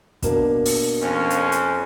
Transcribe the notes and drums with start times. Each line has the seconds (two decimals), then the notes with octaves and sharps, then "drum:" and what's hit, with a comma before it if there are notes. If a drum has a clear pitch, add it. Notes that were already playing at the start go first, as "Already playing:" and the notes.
0.22 B2 A#3 D4, drum: kick, hi-hat
0.66 drum: open hi-hat
1.02 F2 C#4
1.30 drum: hi-hat
1.52 drum: hi-hat